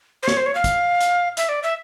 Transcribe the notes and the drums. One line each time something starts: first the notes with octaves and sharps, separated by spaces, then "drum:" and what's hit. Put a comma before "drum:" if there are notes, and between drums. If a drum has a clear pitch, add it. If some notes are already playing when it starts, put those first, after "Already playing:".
C5
C#5, drum: snare
C5
C#5
F5
drum: kick, hi-hat
drum: hi-hat
E5, drum: hi-hat
D5
E5